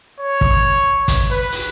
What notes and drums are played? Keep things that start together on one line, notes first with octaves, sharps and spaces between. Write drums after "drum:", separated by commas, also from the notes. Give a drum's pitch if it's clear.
C#5
drum: kick
drum: kick, hi-hat
B4
drum: open hi-hat